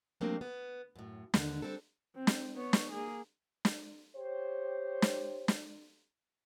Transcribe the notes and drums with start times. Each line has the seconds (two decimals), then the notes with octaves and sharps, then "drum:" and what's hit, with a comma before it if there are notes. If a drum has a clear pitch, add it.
0.21 F3 G3 A3 A#3 C4 D4
0.41 B3
0.96 F#2 A2
1.34 D#2 D3, drum: snare
1.62 G3 C4 D4 A4
2.16 C4
2.27 drum: snare
2.55 B3 C#5
2.73 drum: snare
2.91 A#3 G#4
3.65 drum: snare
4.16 G4 C5 C#5
5.02 drum: snare
5.48 drum: snare